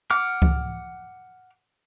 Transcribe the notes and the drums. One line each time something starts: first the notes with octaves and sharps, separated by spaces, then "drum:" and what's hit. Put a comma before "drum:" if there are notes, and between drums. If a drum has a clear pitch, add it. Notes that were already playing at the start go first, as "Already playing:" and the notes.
F#5 D6 F6
drum: kick C#2